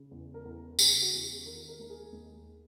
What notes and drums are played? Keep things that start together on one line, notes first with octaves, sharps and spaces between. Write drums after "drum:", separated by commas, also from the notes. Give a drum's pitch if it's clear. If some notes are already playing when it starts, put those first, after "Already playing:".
Already playing: C#3
E2
A#4
E2
C#3 G#4, drum: tambourine
F#4
E2
G#4
D#3 A#4
A#4
D#2 A#4
G#4
D#2